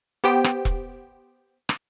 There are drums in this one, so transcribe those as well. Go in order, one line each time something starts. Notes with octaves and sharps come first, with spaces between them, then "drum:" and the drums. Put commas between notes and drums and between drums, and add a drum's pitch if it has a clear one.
B3 G4 C5 G5
drum: rim click
drum: kick E1
drum: rim click